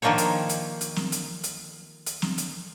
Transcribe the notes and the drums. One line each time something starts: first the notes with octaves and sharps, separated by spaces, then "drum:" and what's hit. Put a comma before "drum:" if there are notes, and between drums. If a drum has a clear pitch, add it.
D#3 F3 A#3 D4 C5 C#5
drum: hi-hat
drum: hi-hat
drum: hi-hat
drum: snare
drum: hi-hat
drum: hi-hat
drum: hi-hat
drum: snare
drum: hi-hat